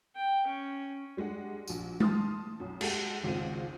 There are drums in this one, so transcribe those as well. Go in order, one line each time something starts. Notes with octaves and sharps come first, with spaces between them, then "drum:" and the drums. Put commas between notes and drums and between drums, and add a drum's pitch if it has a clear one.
G5
C#4
G3 G#3 D4 F#5
A#1 F#4, drum: tambourine
A5 C6 D#6 F6 A6, drum: tom G#3
B1 F#2
G#3 F#4 G4 A4 F#5, drum: cymbal
G#1 C#2 G#3 C4 F4 D#7